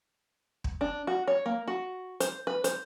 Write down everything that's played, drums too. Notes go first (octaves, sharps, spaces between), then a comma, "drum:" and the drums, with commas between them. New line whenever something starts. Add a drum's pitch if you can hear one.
drum: kick
D4
F#4
C#5
A#3
F#4
C5, drum: hi-hat
B4
C5, drum: hi-hat